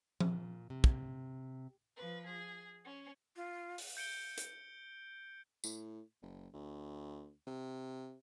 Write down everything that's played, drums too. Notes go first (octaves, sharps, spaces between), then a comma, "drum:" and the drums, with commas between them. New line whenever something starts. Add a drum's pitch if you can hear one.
A#2, drum: tom F3
C3
drum: kick
F3 B4
G#4
C#4
F4
drum: open hi-hat
G6 C#7 D7 G7
drum: hi-hat
A2, drum: tambourine
F#1
D2
C3